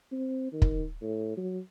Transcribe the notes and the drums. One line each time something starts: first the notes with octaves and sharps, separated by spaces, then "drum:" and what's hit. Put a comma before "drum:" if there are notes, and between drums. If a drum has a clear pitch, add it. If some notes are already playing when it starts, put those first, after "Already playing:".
C4
D#3
drum: kick
A2
F#3